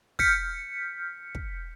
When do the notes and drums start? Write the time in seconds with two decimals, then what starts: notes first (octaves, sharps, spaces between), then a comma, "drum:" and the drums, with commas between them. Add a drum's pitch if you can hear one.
0.19 F6 G6 B6 C#7, drum: kick
1.35 drum: kick